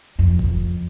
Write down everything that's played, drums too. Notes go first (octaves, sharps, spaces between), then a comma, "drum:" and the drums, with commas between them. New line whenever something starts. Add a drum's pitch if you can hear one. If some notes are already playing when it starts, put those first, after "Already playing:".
F2
drum: kick F#1